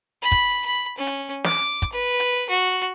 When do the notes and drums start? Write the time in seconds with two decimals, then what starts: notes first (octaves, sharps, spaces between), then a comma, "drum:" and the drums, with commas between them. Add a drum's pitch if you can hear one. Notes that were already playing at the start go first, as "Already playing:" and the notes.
0.22 B5
0.32 drum: kick, hi-hat
0.65 B5
0.98 C#4
1.07 drum: hi-hat
1.44 D6, drum: snare
1.82 drum: kick, hi-hat
1.92 B4
2.20 drum: hi-hat
2.49 F#4